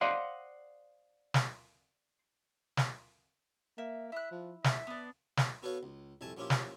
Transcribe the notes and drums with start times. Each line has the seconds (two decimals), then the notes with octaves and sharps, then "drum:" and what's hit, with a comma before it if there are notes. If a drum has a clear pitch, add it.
0.01 C5 D5 D#5 F5 F#5 C6
1.34 drum: snare
2.77 drum: snare
3.78 A#3 E5
4.12 E4 E5 F#6
4.31 F3
4.64 E5, drum: snare
4.87 B3 D4
5.37 drum: snare
5.63 B3 F#4 A4 B4 C#5 F5
5.83 C#2
6.21 C2 F2 A3 G#5 A5
6.37 F3 A#3 C#4 E4 F4 G4
6.50 drum: snare